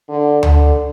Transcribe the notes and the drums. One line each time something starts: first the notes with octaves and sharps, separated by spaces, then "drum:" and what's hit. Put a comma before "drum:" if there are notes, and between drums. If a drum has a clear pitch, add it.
D3
D3, drum: tom D2